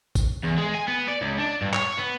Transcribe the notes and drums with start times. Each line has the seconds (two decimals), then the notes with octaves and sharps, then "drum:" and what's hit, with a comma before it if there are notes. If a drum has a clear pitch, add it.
0.15 drum: kick A1, tambourine
0.44 E2
0.58 G#3
0.75 G#5
0.88 B3
1.08 D5
1.22 C#2
1.39 D4
1.62 G2
1.73 C#5, drum: clap
1.98 B3